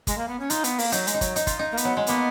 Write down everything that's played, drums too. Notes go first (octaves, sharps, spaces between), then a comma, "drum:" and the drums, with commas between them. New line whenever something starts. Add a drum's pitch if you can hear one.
G#3, drum: kick, hi-hat
A#3
B3
C#4
D#4 F4, drum: hi-hat
B3, drum: hi-hat
A#3, drum: open hi-hat
F#3 D#4, drum: hi-hat
G#3, drum: hi-hat
D#4
F#3, drum: kick, hi-hat
D#4, drum: hi-hat
F4, drum: kick, hi-hat
D#4
A#3
B3, drum: hi-hat
F#3
G#3
A#3 B3, drum: hi-hat